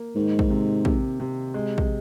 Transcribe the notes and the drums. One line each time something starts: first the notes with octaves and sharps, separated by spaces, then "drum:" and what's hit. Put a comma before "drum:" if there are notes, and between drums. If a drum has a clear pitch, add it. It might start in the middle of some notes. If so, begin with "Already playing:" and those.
Already playing: A#3
G#2 D#3
drum: kick
C3
C3, drum: kick
C3
G#3
drum: kick